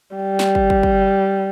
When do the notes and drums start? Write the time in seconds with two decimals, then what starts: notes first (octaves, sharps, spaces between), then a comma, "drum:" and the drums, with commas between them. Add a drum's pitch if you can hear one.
0.16 G3
0.39 drum: snare
0.55 drum: kick
0.70 drum: kick
0.83 drum: kick